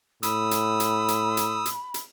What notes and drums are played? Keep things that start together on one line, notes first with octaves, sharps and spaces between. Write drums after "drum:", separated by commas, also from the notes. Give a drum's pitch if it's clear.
A2 B5 D#6 E6, drum: hi-hat
drum: hi-hat
drum: hi-hat
drum: hi-hat
drum: hi-hat
drum: hi-hat
drum: hi-hat